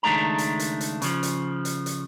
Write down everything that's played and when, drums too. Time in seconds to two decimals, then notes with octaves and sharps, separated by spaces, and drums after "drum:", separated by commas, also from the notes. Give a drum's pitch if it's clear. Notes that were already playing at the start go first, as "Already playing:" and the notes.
0.03 C#2 D#3 G#3 A3 D4 A#5
0.38 drum: hi-hat
0.59 drum: hi-hat
0.81 drum: hi-hat
1.02 C#3 F3, drum: hi-hat
1.23 drum: hi-hat
1.65 drum: hi-hat
1.86 drum: hi-hat